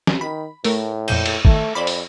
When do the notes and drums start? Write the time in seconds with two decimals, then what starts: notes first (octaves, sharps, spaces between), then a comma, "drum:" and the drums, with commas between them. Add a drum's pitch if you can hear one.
0.07 drum: snare
0.21 D#3 B5
0.64 A2 A3 A#4, drum: open hi-hat
1.08 F2 A#2 G6, drum: cymbal
1.26 drum: cymbal
1.45 D#3 A3, drum: kick
1.75 F2 C5 D5 B5
1.87 drum: open hi-hat